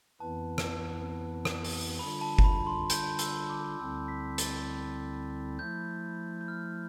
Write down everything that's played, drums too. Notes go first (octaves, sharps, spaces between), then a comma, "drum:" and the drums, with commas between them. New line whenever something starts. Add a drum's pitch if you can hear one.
F2 E3 B3 E4 B4 A5
drum: rim click
drum: rim click
drum: open hi-hat
D3 G3 D4 F4 B5
A5
A5, drum: kick F#1
B5
C6
G6, drum: hi-hat
E6, drum: hi-hat
D6
D2 D3 G3 C4 E4 E6
B6
A6, drum: hi-hat
F3 A3 E4 G6
G6
F6